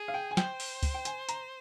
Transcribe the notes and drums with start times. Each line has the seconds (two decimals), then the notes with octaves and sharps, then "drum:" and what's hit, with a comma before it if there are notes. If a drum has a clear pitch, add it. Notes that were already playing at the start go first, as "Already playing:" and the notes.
Already playing: G#4
0.08 F5
0.14 G5
0.31 G#5
0.37 C5 G5, drum: snare
0.60 drum: open hi-hat
0.83 drum: kick C#2, open hi-hat
0.94 G5
1.05 G#5, drum: hi-hat
1.29 A#5, drum: hi-hat